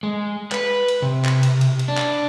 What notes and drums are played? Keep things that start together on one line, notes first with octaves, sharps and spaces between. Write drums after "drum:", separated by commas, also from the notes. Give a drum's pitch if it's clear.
G#3
B4, drum: clap
drum: cymbal
C3
drum: clap
drum: cymbal
drum: cymbal
drum: cymbal
D4
drum: clap